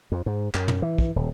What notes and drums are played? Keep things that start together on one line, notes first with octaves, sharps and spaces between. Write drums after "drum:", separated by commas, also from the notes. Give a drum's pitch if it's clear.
F2
G#2
F#2, drum: clap
drum: tom
E3
drum: kick
D#1